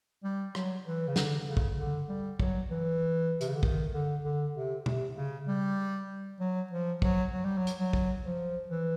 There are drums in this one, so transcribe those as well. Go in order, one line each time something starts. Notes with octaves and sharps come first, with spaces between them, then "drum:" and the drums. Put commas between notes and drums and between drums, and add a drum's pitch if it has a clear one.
G3
F#3, drum: rim click
E3
C#3
D3, drum: snare
C#3
drum: kick
D3
G3
F#3, drum: kick
E3
C3, drum: hi-hat
C#3
D3
D#3, drum: kick
D3
D3
C3
C3, drum: tom B2
C#3
G3
F#3
F3
F#3, drum: kick
F#3
G3
F#3
drum: hi-hat
F#3
drum: kick
F3
E3